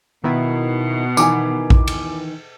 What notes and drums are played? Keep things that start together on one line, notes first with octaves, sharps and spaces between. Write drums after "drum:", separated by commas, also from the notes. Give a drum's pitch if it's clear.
B2 D#3 B3 E4
D#3 E3 G#5 D6, drum: tambourine
drum: kick A#1
drum: cymbal